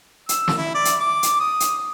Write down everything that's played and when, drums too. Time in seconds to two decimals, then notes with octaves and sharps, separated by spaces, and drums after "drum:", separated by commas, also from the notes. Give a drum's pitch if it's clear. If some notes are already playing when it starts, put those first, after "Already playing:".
0.29 E6, drum: hi-hat
0.48 drum: snare
0.57 E4
0.75 D5
0.85 drum: hi-hat
1.00 D6
1.23 drum: hi-hat
1.40 D#6
1.60 drum: hi-hat